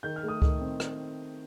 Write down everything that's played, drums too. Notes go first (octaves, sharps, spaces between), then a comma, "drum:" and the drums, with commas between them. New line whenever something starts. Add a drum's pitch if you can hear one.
D#3 G6
F6
A3
D#6
D#3, drum: kick C#2
C4
drum: rim click